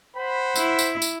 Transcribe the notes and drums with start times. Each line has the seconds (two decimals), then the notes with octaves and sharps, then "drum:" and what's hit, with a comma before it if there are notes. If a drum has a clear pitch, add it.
0.17 C5 F#5 B5
0.56 E4, drum: tambourine
0.79 drum: tambourine
1.02 drum: tambourine